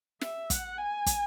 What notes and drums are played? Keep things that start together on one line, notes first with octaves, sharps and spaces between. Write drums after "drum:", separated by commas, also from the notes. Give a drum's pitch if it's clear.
E5, drum: snare
F#5, drum: kick, hi-hat
G#5
drum: kick, hi-hat